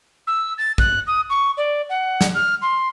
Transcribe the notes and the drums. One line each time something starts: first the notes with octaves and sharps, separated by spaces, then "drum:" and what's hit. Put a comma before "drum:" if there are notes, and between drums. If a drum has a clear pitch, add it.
E6
A6
F#6, drum: kick A1
D#6
C#6
D5
F#5
drum: snare
F6
C6